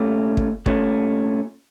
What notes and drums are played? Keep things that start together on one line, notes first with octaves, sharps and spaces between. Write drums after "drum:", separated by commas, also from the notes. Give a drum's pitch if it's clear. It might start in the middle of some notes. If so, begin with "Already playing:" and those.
Already playing: C2 A#2 A3 C#4
drum: kick
C2 A#2 A3 C#4, drum: kick